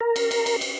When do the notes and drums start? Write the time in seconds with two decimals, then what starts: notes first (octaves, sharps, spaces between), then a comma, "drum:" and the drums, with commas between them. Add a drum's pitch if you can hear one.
0.01 A#4
0.16 drum: cymbal
0.31 drum: cymbal
0.46 drum: cymbal
0.61 drum: cymbal